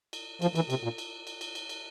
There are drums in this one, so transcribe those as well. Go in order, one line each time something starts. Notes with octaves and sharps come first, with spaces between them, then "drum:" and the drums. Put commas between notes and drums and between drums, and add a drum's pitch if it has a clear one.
drum: cymbal
F3, drum: cymbal
E3, drum: cymbal
C3, drum: cymbal
A#2
drum: cymbal
drum: cymbal
drum: cymbal
drum: cymbal
drum: cymbal